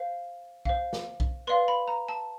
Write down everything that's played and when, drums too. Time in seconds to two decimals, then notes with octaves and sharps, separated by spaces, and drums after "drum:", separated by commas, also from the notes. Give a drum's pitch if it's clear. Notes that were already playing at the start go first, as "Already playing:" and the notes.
Already playing: C5 F5
0.65 C5 F5, drum: kick B1
0.93 drum: snare
1.20 drum: kick B1
1.47 B4 D5 F5 C6
1.68 B5
1.88 A#5
2.09 A5